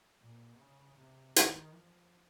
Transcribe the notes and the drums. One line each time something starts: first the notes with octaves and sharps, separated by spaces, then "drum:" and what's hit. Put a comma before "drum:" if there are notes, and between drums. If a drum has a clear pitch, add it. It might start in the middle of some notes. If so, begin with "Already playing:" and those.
A#2
C#3
C3
D#3, drum: hi-hat
F3